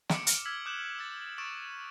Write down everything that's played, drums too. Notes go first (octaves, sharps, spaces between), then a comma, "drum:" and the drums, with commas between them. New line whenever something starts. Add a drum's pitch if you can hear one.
D6 C#7 D7, drum: snare
F6, drum: hi-hat
E6 F6 G#6 B6 F#7
D6 D#6 F#6 G6 E7 F#7
E6 A6
C#6 D#6 A6 D7 E7